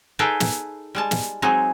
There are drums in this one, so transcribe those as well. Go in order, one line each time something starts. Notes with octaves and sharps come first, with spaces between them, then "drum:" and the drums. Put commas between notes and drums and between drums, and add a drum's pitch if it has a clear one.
D#4 G#4 A4 B4 F5 G5
drum: snare
G3 G#3 A5
drum: snare
F#3 G#3 C4 D#4 G#4